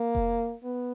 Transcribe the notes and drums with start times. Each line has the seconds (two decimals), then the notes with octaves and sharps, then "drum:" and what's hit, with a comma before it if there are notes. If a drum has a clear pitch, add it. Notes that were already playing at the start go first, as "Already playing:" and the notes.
Already playing: A#3
0.15 drum: kick F1
0.64 B3